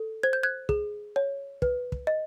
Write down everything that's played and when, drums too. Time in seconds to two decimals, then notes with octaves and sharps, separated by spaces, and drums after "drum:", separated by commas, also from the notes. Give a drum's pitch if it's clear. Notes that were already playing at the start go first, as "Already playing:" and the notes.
Already playing: A4
0.23 C5 G#6
0.33 G6
0.43 F#6 G#6
0.69 G#4, drum: kick
1.16 C#5
1.62 B4, drum: kick
1.92 drum: kick
2.07 D#5